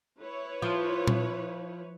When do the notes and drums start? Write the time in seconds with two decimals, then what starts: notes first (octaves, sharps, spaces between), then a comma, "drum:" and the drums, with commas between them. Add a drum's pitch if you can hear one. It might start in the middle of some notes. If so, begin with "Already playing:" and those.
0.21 E4 B4 C#5
0.62 F3
1.07 drum: tom A#2